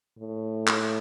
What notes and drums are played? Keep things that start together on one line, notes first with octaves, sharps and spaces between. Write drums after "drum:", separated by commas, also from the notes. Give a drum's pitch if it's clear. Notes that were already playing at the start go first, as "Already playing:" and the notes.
A2
drum: clap